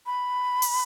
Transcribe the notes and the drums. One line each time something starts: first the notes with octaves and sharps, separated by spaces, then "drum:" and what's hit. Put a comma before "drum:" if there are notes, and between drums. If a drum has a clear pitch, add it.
B5
drum: open hi-hat